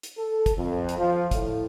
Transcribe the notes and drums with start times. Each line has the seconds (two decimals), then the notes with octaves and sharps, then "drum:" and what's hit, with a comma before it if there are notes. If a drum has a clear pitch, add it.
0.03 drum: hi-hat
0.18 A4
0.46 drum: kick, hi-hat
0.57 F2
0.89 drum: hi-hat
0.99 F3
1.31 A2, drum: kick, hi-hat